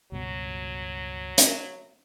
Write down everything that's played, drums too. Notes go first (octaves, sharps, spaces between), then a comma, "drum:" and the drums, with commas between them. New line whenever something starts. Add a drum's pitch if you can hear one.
C#2 G2 B2 F#3
drum: hi-hat